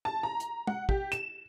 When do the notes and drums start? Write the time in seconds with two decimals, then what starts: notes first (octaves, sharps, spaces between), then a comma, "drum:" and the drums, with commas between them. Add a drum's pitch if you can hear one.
0.05 A5
0.23 A#5
0.40 drum: hi-hat
0.67 F#5, drum: tom
0.89 G4, drum: kick
1.12 E7, drum: hi-hat